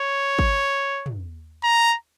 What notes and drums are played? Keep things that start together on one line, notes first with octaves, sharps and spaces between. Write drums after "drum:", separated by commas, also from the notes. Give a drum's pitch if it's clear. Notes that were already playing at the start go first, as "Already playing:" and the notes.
Already playing: C#5
drum: kick G#1
drum: tom
A#5